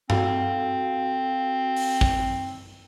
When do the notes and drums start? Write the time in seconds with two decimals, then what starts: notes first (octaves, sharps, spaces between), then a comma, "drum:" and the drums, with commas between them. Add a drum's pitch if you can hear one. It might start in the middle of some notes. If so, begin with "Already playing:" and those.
0.10 C4 F#4 A4 F5, drum: tom G2
1.76 drum: open hi-hat
2.01 drum: kick